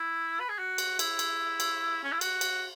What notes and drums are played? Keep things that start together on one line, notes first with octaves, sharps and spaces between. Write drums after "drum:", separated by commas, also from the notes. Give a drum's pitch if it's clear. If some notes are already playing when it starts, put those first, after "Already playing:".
Already playing: E4
B4
G#4
F#4
drum: cymbal
E4, drum: cymbal
drum: cymbal
drum: cymbal
C#4
E4
F#4, drum: cymbal
drum: cymbal